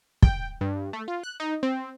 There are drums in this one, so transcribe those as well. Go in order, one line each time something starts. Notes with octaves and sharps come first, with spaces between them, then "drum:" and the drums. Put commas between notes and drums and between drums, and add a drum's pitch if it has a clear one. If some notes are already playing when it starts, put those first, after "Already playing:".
G5, drum: kick
G2
A3
F4
F#6
D#4
C4